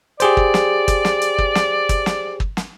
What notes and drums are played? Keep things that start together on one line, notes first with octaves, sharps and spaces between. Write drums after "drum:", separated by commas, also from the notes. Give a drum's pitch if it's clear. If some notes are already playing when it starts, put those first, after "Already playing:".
G4 G#4 C5 D5, drum: hi-hat
drum: kick
drum: snare
drum: kick, hi-hat
drum: snare
drum: hi-hat
drum: kick
drum: snare
drum: kick, hi-hat
drum: snare
drum: kick
drum: snare